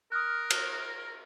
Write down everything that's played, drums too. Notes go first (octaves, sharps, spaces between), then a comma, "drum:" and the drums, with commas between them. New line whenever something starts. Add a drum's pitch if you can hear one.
A#4 D#6 F6 F#6
drum: cymbal